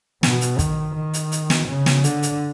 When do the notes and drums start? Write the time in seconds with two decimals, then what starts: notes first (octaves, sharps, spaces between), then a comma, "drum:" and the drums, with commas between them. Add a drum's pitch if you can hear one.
0.23 B2, drum: snare
0.41 drum: hi-hat
0.59 D#3, drum: kick, hi-hat
0.95 D#3
1.14 drum: hi-hat
1.32 drum: hi-hat
1.50 drum: snare
1.68 C#3
1.86 drum: snare
2.04 D3, drum: hi-hat
2.22 drum: hi-hat